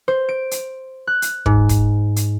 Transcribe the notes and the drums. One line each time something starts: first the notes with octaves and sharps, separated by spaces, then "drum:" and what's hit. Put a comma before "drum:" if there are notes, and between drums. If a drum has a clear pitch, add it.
C5
D7
drum: hi-hat
F#6
drum: hi-hat
G#2, drum: kick
drum: kick, hi-hat
drum: hi-hat